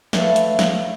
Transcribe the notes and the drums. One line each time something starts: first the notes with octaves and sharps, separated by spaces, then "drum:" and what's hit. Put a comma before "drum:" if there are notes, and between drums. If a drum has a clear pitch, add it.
D2 E3 A3 B4 C#5 F5, drum: snare
drum: hi-hat
drum: snare